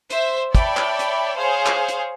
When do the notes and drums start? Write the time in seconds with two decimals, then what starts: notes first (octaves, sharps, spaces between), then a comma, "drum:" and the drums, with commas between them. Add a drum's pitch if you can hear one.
0.10 C5 E5, drum: hi-hat
0.55 C#5 D5 E5 G5 A5 B5, drum: kick, hi-hat
0.77 drum: clap
0.99 drum: hi-hat
1.38 G#4 C5 C#5 F5
1.66 drum: clap
1.88 drum: hi-hat